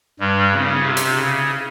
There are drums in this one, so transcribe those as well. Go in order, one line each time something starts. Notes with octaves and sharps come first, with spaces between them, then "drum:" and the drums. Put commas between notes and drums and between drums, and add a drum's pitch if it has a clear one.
G2 G3
C#3, drum: cymbal
C3
drum: hi-hat
C#3